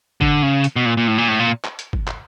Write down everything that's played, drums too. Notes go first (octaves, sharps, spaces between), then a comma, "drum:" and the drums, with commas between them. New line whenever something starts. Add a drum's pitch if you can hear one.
D3, drum: kick G1
C#3
drum: hi-hat
B2
A#2
A#2
A2
A#2
A2
A#2
drum: clap
drum: hi-hat
drum: kick G1
drum: clap